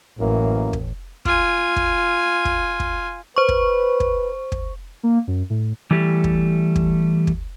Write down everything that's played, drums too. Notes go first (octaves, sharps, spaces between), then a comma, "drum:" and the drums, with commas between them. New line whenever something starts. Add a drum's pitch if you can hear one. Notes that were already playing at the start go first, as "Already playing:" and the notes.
A1 F#2 E3 A#3
drum: kick
F4 G#5, drum: kick
drum: kick
drum: kick
drum: kick
B4 C5 C#6
drum: kick
drum: kick
drum: kick
A#3
F#2
A2
E3 G3 A3 G4
drum: kick
drum: kick
drum: kick